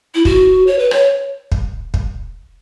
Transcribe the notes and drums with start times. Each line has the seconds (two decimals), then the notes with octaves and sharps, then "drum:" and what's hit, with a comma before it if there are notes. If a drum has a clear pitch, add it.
0.15 E4
0.25 F#4, drum: kick
0.67 C#5
0.79 B4
0.91 C#5, drum: rim click
1.52 drum: kick
1.94 drum: kick